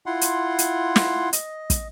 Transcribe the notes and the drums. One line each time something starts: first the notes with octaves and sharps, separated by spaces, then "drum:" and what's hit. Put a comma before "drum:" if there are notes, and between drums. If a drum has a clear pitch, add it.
E4 F4 F#5 C6
drum: hi-hat
drum: hi-hat
drum: snare
D#5, drum: hi-hat
drum: kick, hi-hat